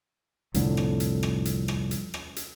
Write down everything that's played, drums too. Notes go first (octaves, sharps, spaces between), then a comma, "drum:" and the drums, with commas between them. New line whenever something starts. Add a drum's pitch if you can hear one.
C2 F2 A2 D3, drum: hi-hat
drum: rim click
drum: hi-hat
drum: rim click
drum: hi-hat
drum: rim click
drum: hi-hat
drum: rim click
drum: hi-hat